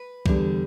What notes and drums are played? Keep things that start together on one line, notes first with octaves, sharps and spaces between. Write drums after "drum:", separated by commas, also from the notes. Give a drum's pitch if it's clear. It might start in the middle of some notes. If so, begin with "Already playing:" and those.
Already playing: B4
E2 D3 G3 D4, drum: kick C2